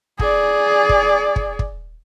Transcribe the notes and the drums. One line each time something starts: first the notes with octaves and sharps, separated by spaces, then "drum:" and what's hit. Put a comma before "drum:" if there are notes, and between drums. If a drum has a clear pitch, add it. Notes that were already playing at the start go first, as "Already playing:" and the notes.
G#4 D5, drum: kick
drum: kick
drum: kick
drum: kick